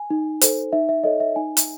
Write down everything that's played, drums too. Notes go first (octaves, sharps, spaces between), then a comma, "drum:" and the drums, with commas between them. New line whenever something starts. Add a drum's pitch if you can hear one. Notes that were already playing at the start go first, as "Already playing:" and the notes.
Already playing: G#5
D#4
A4 C5, drum: hi-hat
D#4 E5
E5
A4 C#5 D#5
E5
D#4 G#5
drum: hi-hat